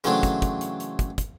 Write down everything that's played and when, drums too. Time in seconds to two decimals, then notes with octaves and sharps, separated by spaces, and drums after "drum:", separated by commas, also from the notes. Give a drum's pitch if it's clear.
0.04 C#3 E3 F#3 A3 C4 D4, drum: hi-hat
0.23 drum: kick, hi-hat
0.42 drum: kick, hi-hat
0.61 drum: hi-hat
0.80 drum: hi-hat
0.99 drum: kick, hi-hat
1.18 drum: kick, hi-hat